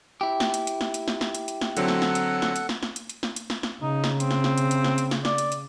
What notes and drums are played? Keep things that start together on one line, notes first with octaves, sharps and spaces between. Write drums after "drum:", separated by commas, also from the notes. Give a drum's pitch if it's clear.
E4 G4
drum: snare
drum: hi-hat
drum: hi-hat
drum: snare
drum: hi-hat
drum: snare
drum: snare
drum: hi-hat
drum: hi-hat
drum: snare
D3 F#3 C4 A4 F#5, drum: hi-hat
drum: snare
drum: snare
drum: hi-hat
drum: snare
drum: hi-hat
drum: snare
drum: snare
drum: hi-hat
drum: hi-hat
drum: snare
drum: hi-hat
drum: snare
drum: snare
C#3 D#4
drum: snare
C4, drum: hi-hat
drum: snare
drum: snare
drum: hi-hat
drum: hi-hat
drum: snare
drum: hi-hat
drum: snare
D5, drum: snare
drum: hi-hat
drum: hi-hat